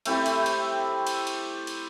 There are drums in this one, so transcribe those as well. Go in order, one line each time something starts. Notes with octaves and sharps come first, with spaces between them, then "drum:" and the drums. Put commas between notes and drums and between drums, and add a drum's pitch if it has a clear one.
A3 C4 E4 G4, drum: cymbal
drum: cymbal
drum: cymbal
drum: cymbal
drum: cymbal
drum: cymbal